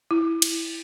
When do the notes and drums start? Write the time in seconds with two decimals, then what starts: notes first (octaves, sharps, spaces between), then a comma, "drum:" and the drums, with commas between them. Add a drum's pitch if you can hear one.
0.11 E4
0.42 drum: cymbal